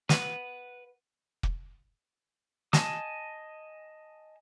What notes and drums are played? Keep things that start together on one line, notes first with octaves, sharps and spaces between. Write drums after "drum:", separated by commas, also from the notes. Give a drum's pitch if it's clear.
B4 F#5, drum: snare
drum: kick
D#5 G#5 A5 D#6, drum: snare